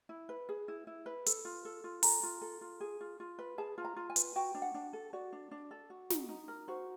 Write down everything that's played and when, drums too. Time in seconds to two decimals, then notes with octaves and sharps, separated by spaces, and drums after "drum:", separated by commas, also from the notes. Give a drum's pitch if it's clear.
0.09 E4
0.29 B4
0.49 G#4
0.68 E4
0.87 E4
1.06 B4
1.26 A4, drum: hi-hat
1.45 F4
1.65 A4
1.84 F4
2.03 A4 A#5, drum: open hi-hat
2.23 F4
2.41 A4
2.61 F4
2.80 G#4
3.01 F4
3.20 F4
3.39 B4
3.58 G#4 A5
3.78 F4
3.84 A#5
3.96 F4
4.10 G#5
4.16 B4, drum: hi-hat
4.36 F#4 G5
4.55 D4
4.62 F#5
4.74 D4
4.93 A4
5.13 F#4 D5
5.32 D4
5.51 D4
5.71 A4
5.90 F#4
6.10 D#4, drum: snare
6.29 D#4
6.48 A#4
6.68 F#4 C5